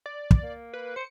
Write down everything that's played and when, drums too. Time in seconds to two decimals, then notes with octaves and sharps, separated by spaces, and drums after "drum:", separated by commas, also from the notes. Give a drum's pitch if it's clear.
0.06 D5
0.31 drum: kick
0.43 A#3
0.73 B4
0.96 C5 C#7